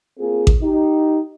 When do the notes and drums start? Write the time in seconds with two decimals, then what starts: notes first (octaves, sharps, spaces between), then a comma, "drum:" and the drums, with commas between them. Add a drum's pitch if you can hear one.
0.19 A#3 C4 F4 G#4
0.47 drum: kick A1
0.62 D#4 G4